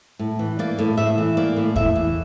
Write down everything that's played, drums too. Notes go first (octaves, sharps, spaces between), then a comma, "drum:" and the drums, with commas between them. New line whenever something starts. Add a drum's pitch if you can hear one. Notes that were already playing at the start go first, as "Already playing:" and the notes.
A2
E3
A#3 D5
A2
A2 E5
E3
A#3 D5
A2
A2 E5, drum: kick E2
E3